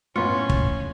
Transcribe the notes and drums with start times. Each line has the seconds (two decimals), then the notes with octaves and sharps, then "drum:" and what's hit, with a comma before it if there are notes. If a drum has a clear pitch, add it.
0.16 F#2 A2 B3 C#4 F4 C#6
0.49 drum: kick